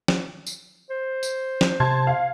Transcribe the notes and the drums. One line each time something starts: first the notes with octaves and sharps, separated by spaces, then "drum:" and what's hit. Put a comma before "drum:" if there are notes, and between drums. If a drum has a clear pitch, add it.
drum: snare
drum: tambourine
C5
drum: tambourine
drum: snare
C3 A5 C6 G#6
F5